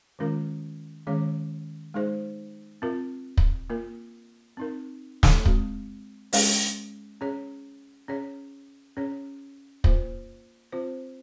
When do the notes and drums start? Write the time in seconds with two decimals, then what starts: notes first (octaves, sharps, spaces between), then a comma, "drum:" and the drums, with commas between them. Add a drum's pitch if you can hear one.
0.19 D#3 G#3 C#4 F4 A#4
1.07 D#3 G#3 C#4 G#4 C#5
1.94 G#3 D#4 G#4 C5
2.82 C4 F4 A#4
3.37 drum: kick
3.70 A#3 F4 A#4
4.57 C4 D#4 A#4
5.23 drum: snare
5.45 G#3 C4 F#4, drum: kick
6.33 G#3 C#4 G#4 C#5, drum: open hi-hat
7.21 C#4 G#4 C#5
8.08 C#4 G#4 C#5
8.97 C#4 G#4 C#5
9.84 A#3 F4 C5, drum: kick
10.72 C4 F4 C5